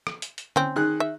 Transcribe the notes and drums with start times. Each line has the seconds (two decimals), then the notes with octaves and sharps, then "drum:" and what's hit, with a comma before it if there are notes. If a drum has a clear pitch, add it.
0.07 drum: rim click
0.22 drum: hi-hat
0.38 drum: hi-hat
0.56 C4 C#4, drum: tom D3
0.76 D#3 G#4 F#6
1.00 E5